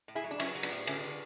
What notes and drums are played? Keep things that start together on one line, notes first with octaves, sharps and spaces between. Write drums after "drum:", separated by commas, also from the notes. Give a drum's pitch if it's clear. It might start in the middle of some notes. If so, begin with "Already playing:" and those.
A2
E4 G#4
F#3
D4
F#3 C#4 E4, drum: cymbal
F#3
B3 D4, drum: cymbal
A2
D3 A3 C#4, drum: cymbal
D3